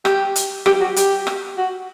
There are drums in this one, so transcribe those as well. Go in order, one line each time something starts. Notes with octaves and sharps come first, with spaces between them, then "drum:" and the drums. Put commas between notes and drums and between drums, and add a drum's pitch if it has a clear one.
G4, drum: rim click
drum: hi-hat
G4, drum: rim click
F#4
G4, drum: hi-hat
drum: rim click
F#4